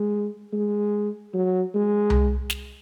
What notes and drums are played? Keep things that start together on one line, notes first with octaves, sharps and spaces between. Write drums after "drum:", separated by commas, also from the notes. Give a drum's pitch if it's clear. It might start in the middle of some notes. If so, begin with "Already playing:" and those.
Already playing: G#3
G#3
F#3
G#3
drum: tom C2
drum: snare